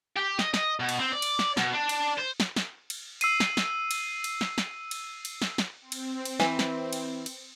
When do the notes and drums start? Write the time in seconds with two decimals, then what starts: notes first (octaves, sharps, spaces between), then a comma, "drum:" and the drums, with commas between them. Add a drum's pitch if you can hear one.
0.16 G4
0.39 D#5, drum: snare
0.54 D#5, drum: snare
0.80 B2
0.89 drum: cymbal
0.99 C4
1.12 D5
1.22 drum: cymbal
1.39 drum: snare
1.57 B2, drum: snare
1.73 D4
1.89 drum: cymbal
2.18 C5
2.40 drum: snare
2.56 drum: snare
2.90 drum: cymbal
3.21 E6 C7 D#7, drum: cymbal
3.40 drum: snare
3.57 drum: snare
3.91 drum: cymbal
4.24 drum: cymbal
4.41 drum: snare
4.58 drum: snare
4.91 drum: cymbal
5.25 drum: cymbal
5.42 drum: snare
5.58 drum: snare
5.81 C4
5.92 drum: cymbal
6.25 drum: cymbal
6.40 E3, drum: snare
6.59 drum: snare
6.93 drum: cymbal
7.26 drum: cymbal